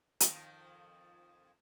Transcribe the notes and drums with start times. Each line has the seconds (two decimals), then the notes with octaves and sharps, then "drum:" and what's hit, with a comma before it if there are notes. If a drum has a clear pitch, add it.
0.20 F2 D#3 F3, drum: hi-hat